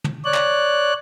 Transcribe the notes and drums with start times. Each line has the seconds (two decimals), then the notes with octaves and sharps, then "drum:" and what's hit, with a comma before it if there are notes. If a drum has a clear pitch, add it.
0.04 drum: tom
0.25 C#5 D5 F#6
0.34 drum: clap